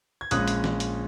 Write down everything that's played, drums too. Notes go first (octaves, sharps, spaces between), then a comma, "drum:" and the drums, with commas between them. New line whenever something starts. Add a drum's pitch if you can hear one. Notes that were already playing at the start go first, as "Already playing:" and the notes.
G#6
A#1 A#2 G#3 C#4 D#6 F#6, drum: hi-hat
drum: hi-hat
drum: snare
drum: hi-hat